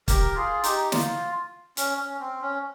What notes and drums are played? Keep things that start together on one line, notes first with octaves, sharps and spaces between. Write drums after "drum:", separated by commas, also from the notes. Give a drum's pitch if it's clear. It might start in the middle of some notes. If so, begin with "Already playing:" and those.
G4 A#4, drum: kick, hi-hat
F4 G#4
D#4 G4, drum: hi-hat
F4, drum: snare
C#4, drum: hi-hat
C#4
C4
C#4